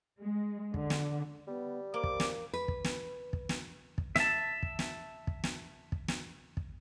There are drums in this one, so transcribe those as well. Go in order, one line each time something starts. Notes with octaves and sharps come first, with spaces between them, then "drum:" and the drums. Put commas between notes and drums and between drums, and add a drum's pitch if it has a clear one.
G#3
D3, drum: kick
drum: snare
G3 B3
A#3 C5 D6
drum: kick
drum: snare
B4
drum: kick
drum: snare
drum: kick
drum: snare
drum: kick
E5 A5, drum: snare
drum: kick
drum: snare
drum: kick
drum: snare
drum: kick
drum: snare
drum: kick